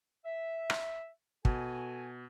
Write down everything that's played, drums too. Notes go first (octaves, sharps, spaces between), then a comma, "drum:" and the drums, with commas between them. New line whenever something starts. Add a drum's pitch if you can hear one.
E5
drum: rim click
B2 F#4 A4 G#5, drum: kick